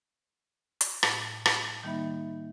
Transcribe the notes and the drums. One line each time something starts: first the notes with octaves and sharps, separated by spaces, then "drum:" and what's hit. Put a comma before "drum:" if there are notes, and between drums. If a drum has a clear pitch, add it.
drum: hi-hat
A2, drum: rim click
drum: rim click
D#3 G3 A#3 D#4 E5 B5